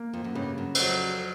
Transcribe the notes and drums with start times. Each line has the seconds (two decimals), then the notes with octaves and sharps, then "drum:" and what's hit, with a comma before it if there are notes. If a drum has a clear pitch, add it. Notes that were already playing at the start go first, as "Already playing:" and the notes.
Already playing: A#3
0.13 F2
0.24 F#2
0.35 G2 C#3
0.58 F#2
0.75 F#2, drum: cymbal
0.79 F2 F#3